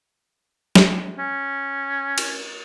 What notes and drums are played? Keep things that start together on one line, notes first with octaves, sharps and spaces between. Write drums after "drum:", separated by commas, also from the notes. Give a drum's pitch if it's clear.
drum: snare
C#4
drum: cymbal